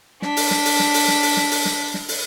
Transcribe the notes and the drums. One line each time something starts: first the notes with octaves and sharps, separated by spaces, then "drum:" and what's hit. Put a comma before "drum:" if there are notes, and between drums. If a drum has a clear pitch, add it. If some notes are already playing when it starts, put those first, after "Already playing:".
D4 B6, drum: snare
drum: open hi-hat
drum: snare
drum: open hi-hat
drum: snare
drum: open hi-hat
drum: snare
drum: open hi-hat
drum: snare
drum: open hi-hat
drum: snare
drum: snare
drum: open hi-hat